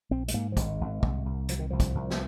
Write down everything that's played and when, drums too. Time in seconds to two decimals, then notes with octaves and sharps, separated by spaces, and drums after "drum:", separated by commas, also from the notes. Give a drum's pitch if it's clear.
0.11 A#1 C4
0.28 G#3, drum: hi-hat
0.34 G#2 A#3
0.52 F3
0.57 G#1 G#3, drum: kick, hi-hat
0.81 G#1
1.03 C2, drum: kick
1.26 C2
1.49 C2 F3, drum: hi-hat
1.59 D#3
1.70 C2 F3
1.80 drum: kick, hi-hat
1.95 C2
2.10 drum: snare